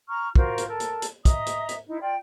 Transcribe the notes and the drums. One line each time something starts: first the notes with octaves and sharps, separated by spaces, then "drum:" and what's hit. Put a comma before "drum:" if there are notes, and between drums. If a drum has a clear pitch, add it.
A#5 C#6 F6
F4 F#4 A#4 C5, drum: kick
drum: hi-hat
A4 A#4 A5
drum: hi-hat
drum: hi-hat
D#5 E5 A#5 D#6, drum: kick, hi-hat
drum: hi-hat
drum: hi-hat
D#4 E4
F4 D5 G5